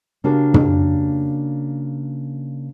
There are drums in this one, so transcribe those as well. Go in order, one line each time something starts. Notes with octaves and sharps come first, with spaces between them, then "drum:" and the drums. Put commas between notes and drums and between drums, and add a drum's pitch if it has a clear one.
C#3 A#3 D4 F#4 G4
drum: tom